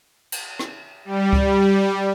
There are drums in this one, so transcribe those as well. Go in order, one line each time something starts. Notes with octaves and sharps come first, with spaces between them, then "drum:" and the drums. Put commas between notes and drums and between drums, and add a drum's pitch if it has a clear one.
drum: cymbal
drum: rim click
G3
drum: kick C#2